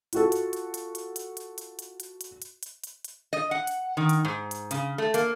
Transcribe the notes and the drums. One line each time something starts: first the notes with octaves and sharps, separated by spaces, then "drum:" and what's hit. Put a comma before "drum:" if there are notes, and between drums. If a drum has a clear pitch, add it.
F4 F#4 A4, drum: hi-hat
drum: hi-hat
drum: hi-hat
drum: hi-hat
drum: hi-hat
drum: hi-hat
drum: hi-hat
drum: hi-hat
drum: hi-hat
drum: hi-hat
drum: hi-hat
drum: hi-hat
drum: hi-hat
drum: hi-hat
drum: hi-hat
D#5
F#5
drum: hi-hat
D#3
drum: hi-hat
G#2
drum: hi-hat
C#3, drum: hi-hat
A3
A#3, drum: hi-hat